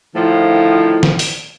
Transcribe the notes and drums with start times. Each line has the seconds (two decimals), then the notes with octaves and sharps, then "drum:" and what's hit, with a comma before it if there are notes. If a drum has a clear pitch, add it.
0.15 A2 D3 D#3 F3
1.03 drum: snare
1.19 drum: open hi-hat